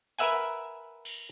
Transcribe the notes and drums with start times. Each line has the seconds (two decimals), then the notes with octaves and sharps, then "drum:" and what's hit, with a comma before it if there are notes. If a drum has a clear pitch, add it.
0.19 A#4 B4 E5 F#5 G#5
1.05 drum: cymbal